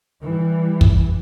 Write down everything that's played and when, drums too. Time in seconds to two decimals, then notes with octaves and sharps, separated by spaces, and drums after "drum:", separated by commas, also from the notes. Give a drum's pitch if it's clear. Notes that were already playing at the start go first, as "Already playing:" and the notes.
0.23 E3 G3
0.81 drum: kick